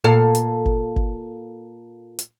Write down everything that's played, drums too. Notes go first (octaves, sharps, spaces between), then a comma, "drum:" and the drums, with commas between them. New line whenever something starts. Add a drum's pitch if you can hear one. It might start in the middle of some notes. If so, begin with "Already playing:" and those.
A#2 A4 F5
drum: hi-hat
drum: kick G1
drum: kick G1
drum: hi-hat